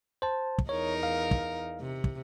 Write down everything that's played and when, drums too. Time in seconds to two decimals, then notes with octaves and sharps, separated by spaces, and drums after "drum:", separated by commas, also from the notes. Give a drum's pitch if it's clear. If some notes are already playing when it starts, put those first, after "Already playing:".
0.22 C5 A5
0.58 drum: kick
0.69 E2 D#4 A#4 C#5
1.03 F5
1.31 drum: kick
1.80 C3
2.04 drum: kick